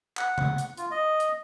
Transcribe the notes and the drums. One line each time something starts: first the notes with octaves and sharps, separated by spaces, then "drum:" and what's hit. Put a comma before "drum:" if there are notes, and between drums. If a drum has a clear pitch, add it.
F#5, drum: clap
drum: tom C#3
drum: hi-hat
F4, drum: hi-hat
D#5
drum: hi-hat